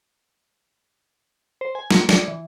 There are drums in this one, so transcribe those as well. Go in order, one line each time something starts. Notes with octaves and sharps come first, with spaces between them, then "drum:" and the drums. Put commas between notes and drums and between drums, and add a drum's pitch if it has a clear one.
C5
G#5
A#3, drum: snare
D5, drum: snare
E3